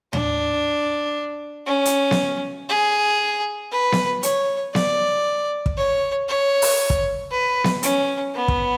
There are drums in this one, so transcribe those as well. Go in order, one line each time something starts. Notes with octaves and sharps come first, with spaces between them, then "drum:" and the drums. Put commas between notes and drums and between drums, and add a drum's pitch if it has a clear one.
D4, drum: tom
C#4
drum: hi-hat
drum: snare B3
G#4
B4
drum: snare B3
C#5, drum: hi-hat
D5, drum: snare B3
drum: kick
C#5
C#5
drum: open hi-hat
drum: kick
B4
drum: snare B3
C#4, drum: hi-hat
B3
drum: kick